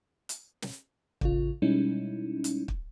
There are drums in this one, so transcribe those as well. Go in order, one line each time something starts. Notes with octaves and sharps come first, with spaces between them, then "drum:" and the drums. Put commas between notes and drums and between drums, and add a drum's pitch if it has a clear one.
drum: hi-hat
drum: snare
A1 C#3 F4, drum: kick
B2 G3 G#3 C#4 D#4 E4
drum: hi-hat
drum: kick